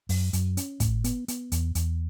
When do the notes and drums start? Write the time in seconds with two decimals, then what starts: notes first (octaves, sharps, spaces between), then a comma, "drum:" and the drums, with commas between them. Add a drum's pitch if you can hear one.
0.09 F#2, drum: open hi-hat
0.33 F#2, drum: hi-hat
0.57 C#4, drum: hi-hat
0.80 A2, drum: kick, hi-hat
1.04 B3, drum: hi-hat
1.28 B3, drum: hi-hat
1.52 E2, drum: hi-hat
1.75 E2, drum: hi-hat